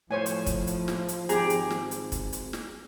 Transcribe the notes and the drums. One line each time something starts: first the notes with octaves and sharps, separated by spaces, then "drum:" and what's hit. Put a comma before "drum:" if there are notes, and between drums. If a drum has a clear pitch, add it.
A2 F3 C5 C#5 G#5
drum: hi-hat
drum: kick, hi-hat
drum: hi-hat
drum: snare
drum: hi-hat
G#1 G4 G#4 A#5, drum: hi-hat
drum: hi-hat
drum: snare
drum: hi-hat
drum: kick, hi-hat
drum: hi-hat
drum: snare